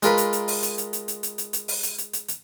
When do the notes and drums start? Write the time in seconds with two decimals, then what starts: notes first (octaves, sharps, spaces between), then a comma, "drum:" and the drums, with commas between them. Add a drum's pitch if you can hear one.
0.03 G#3 F4 A#4 B4, drum: hi-hat
0.18 drum: hi-hat
0.33 drum: hi-hat
0.48 drum: open hi-hat
0.63 drum: hi-hat
0.78 drum: hi-hat
0.93 drum: hi-hat
1.08 drum: hi-hat
1.23 drum: hi-hat
1.38 drum: hi-hat
1.53 drum: hi-hat
1.68 drum: open hi-hat
1.83 drum: hi-hat
1.98 drum: hi-hat
2.13 drum: hi-hat
2.28 drum: hi-hat